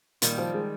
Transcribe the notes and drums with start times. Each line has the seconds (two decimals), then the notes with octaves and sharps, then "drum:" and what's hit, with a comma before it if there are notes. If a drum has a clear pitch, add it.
0.22 A#2 D#3 G3, drum: hi-hat
0.38 F3
0.54 G#3